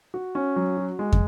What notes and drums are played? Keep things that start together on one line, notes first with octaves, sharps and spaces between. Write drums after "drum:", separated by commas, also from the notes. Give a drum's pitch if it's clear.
F#4
C#4
F#3
F#4
G#3
drum: kick